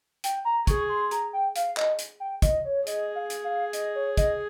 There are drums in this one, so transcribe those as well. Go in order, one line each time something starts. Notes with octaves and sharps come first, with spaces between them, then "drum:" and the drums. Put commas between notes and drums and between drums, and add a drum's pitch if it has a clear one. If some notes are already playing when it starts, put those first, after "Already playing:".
G5, drum: hi-hat
A#5
G#4 C#6, drum: kick, hi-hat
C6
A#5, drum: hi-hat
G5
F5, drum: hi-hat
D#5, drum: clap
drum: hi-hat
G5
D#5, drum: kick, hi-hat
C#5
G#4 D#5, drum: hi-hat
F5
drum: hi-hat
F5
D#5, drum: hi-hat
C#5
D#5, drum: kick, hi-hat